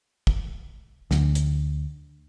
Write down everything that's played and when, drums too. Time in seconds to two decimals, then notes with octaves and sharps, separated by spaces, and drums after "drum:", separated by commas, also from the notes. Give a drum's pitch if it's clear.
0.27 drum: kick
1.11 D2, drum: snare
1.35 drum: hi-hat